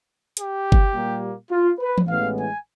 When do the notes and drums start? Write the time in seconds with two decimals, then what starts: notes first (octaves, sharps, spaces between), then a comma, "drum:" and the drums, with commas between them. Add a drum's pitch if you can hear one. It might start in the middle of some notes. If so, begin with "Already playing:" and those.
0.37 G4, drum: hi-hat
0.72 drum: kick G1
0.94 A#2 G3 A#3
1.51 F4
1.79 B4
1.98 drum: tom E3
2.07 A1 A2 E3 G#3 B3 F5
2.36 G#5